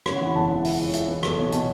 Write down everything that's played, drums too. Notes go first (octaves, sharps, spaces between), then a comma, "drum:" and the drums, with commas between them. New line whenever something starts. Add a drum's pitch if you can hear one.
C#3 C#5, drum: rim click
F#5
E3 B5
E1 A5
E3 F#5
C#2 E5, drum: open hi-hat
C#2 C#5
C#2 E5, drum: hi-hat
E3 B4
B1 A4, drum: rim click
B2 C#5
B2 A5, drum: hi-hat